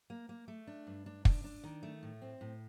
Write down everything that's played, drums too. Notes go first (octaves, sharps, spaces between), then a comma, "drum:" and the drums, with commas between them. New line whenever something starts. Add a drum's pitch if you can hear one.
A#3
A#3
A3
D4
G2
D4
D4, drum: kick
D4
D#3
A3
A2
C4
A2